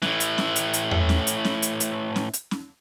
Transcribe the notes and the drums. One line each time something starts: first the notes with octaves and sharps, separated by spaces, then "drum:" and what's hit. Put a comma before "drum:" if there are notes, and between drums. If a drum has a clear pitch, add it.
A2 E3, drum: snare C#4
drum: hi-hat
drum: snare C#4
drum: hi-hat
drum: hi-hat
drum: tom E2
drum: snare C#4
drum: hi-hat
drum: snare C#4
drum: hi-hat
drum: hi-hat
drum: snare C#4
drum: hi-hat
drum: snare C#4